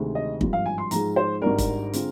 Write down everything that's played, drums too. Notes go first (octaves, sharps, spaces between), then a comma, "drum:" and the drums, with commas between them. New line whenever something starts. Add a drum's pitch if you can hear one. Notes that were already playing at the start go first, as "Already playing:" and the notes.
Already playing: D2 C3 D#3 G#3 C4
D#5
G#1 G2 F3, drum: kick
F5
G#5
C6
G#2 F3 G#3 A#5, drum: hi-hat
C5
G#1 G#2 G3 D4 A#4
drum: kick, hi-hat
D3 G#3 C4 F4, drum: hi-hat